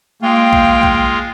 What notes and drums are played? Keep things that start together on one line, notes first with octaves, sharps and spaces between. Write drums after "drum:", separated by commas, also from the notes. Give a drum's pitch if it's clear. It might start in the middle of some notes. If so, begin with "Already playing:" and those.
G#3 A#3 F4 G5
drum: kick A#1
drum: kick A#1